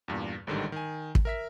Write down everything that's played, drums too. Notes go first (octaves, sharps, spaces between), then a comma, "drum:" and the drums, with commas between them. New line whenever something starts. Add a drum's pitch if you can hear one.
E2 G2 A#2
A1 G#2 D3 D#3 G3
D#3 G#5
drum: kick
A#4 E5 B6